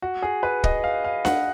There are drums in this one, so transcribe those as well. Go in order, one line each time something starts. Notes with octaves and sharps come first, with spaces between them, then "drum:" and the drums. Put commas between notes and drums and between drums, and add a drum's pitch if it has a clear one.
F#4
G#4
B4
D#5, drum: kick
F5
F5
F#5, drum: snare D4